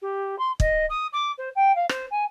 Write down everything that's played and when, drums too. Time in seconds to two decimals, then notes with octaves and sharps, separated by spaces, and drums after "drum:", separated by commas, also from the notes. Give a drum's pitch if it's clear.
0.02 G4
0.39 C6
0.60 D#5, drum: kick
0.90 D#6
1.13 D6
1.38 C5
1.56 G5
1.76 F5
1.89 C5, drum: rim click
2.11 G#5